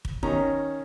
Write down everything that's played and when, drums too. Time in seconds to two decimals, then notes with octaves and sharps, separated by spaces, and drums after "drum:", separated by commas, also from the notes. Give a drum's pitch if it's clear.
0.05 drum: kick
0.23 D#3 C#4 A#5, drum: kick